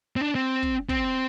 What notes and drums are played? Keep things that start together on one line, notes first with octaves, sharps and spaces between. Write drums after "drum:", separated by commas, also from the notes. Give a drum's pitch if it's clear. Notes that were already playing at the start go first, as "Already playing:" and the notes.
C4
D4
C4
drum: kick
C4, drum: kick